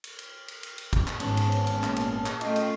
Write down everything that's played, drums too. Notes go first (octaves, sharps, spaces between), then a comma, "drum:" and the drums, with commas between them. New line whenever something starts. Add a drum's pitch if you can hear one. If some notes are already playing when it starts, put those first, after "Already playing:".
drum: cymbal
drum: cymbal
drum: cymbal
drum: cymbal
drum: cymbal
drum: kick, cymbal
drum: clap
G#1 G#2 G#3 B3 C#4 B4 A5, drum: cymbal
drum: cymbal
drum: cymbal
drum: cymbal
A#2, drum: clap
drum: cymbal
drum: clap
A3 C#4 F4 D#5 G5, drum: cymbal
drum: cymbal